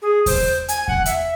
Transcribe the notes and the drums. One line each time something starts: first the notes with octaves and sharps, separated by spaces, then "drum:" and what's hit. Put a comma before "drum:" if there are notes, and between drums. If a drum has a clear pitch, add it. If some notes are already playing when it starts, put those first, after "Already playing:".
G#4
C5, drum: kick E2, open hi-hat
G#5, drum: hi-hat
F#5, drum: kick E2
E5, drum: hi-hat